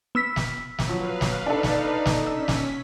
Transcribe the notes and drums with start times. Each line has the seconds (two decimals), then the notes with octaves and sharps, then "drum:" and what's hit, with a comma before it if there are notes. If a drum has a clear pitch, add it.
0.15 B3 E6 B6
0.36 drum: snare
0.79 drum: snare
0.88 F3 F#3 B4 F5
1.21 drum: snare
1.46 D4 D#4 A4
1.63 drum: snare
2.06 drum: snare
2.27 C#4 E6 B6
2.48 drum: snare